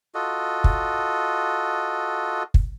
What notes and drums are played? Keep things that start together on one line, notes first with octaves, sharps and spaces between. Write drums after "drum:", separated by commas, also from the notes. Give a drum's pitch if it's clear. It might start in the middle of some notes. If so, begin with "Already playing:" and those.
F4 F#4 A4 D#5
drum: kick
drum: kick